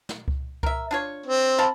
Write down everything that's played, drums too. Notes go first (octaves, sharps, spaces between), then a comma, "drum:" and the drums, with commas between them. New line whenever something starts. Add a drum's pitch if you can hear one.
drum: snare
drum: kick C#2
A#4 E5, drum: kick C#2
D4 F4 C#5
C4
F5 A5 B5